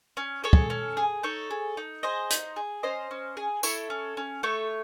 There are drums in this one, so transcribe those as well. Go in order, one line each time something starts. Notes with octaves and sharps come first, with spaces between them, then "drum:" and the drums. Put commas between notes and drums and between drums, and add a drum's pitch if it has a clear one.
C#4
G#4 A4 C#5
drum: kick
C#4
G#4
D#4 A4 C#5
G#4
D#4
G#4 C5 D#5
D#4, drum: hi-hat
G#4
C#4 C5 D#5
C#4
G#4
E4 A4 C#5, drum: tambourine
C#4
C#4
A3 A4 C#5